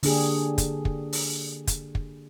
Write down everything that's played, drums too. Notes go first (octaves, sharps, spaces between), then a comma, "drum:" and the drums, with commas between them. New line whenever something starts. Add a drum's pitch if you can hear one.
D3 A#3 D4 G4 G#4, drum: open hi-hat
drum: kick, hi-hat
drum: kick
drum: open hi-hat
drum: kick, hi-hat
drum: kick